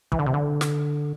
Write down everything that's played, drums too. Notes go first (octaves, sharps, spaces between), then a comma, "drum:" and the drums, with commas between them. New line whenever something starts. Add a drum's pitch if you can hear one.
E3, drum: kick
D3
C3
D3
drum: snare